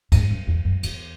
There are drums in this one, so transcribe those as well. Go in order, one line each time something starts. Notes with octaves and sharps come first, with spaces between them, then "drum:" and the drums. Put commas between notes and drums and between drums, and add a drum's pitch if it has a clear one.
G#2, drum: kick C#2, cymbal
F#2
E2
F#2
E2, drum: cymbal